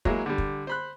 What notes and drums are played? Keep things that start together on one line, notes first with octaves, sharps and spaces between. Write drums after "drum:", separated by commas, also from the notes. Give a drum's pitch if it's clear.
F#3 G#3 A#3 E4, drum: kick
D3 G3
drum: kick
C5 B5 F#6